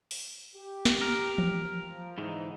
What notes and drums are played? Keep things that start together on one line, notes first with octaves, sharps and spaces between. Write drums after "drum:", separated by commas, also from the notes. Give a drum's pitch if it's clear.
drum: open hi-hat
G4
drum: snare
A#4
drum: tom E3
F3
G#2 D3 E3 D#4